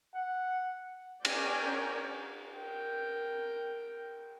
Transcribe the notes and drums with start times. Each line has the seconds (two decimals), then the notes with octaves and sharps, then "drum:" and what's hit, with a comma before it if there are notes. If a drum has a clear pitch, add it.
0.15 F#5
1.25 C#4 A#4 D5 G5 G#5, drum: cymbal
2.55 A#4 G5